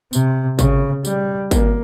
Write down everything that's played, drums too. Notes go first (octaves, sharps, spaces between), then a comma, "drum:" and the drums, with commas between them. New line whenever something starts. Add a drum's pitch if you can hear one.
C3, drum: tambourine
C#3, drum: kick G#1, tambourine
G3, drum: tambourine
A#3, drum: kick G#1, tambourine